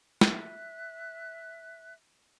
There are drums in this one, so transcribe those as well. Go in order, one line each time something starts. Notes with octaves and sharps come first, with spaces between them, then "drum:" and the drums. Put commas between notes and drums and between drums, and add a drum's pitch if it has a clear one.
E5 F#6, drum: snare